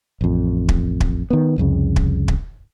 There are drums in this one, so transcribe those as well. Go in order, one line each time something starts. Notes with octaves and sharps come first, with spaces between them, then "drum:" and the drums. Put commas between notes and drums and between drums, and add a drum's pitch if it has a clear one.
A1 F2
drum: kick
drum: kick
D#3 B3
C2 F2 C#3
drum: kick
drum: kick